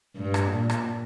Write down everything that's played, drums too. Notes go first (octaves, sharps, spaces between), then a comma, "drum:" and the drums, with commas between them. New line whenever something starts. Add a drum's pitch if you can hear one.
G2
drum: rim click
A#2
drum: rim click